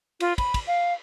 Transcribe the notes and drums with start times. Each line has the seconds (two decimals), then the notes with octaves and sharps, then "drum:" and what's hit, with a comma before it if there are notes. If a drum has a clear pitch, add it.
0.20 F4, drum: cymbal
0.38 B5, drum: kick, cymbal
0.54 drum: kick, cymbal
0.67 F5